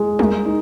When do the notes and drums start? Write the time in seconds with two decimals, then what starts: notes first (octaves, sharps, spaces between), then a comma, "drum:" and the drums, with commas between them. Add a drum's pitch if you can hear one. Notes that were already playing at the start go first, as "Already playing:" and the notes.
Already playing: G#3
0.19 A#4, drum: tom G3
0.46 D#4